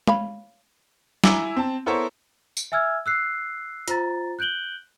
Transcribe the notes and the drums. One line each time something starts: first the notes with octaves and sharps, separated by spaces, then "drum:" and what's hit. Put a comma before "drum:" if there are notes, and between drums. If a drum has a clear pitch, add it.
C#5 F5 B5, drum: tom
E4 G#5 A#5 D6 E6, drum: snare
C4 A5
B3 E4 A4 A#4 C5 C#5
drum: tambourine
E5 G#5 E6 F6 G#6
E6 F#6 C7
F4 C5 A#5 A6, drum: hi-hat
F#6 G6 D7 F#7 G7